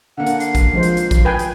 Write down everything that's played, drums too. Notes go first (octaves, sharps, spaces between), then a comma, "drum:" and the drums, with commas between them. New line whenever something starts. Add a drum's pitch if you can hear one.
D3 A#3 F#5
drum: hi-hat
C7, drum: hi-hat
drum: kick A1, hi-hat
F3 G#3 C5
drum: hi-hat
drum: hi-hat
drum: kick A1, hi-hat
B4 G5 G#5
drum: hi-hat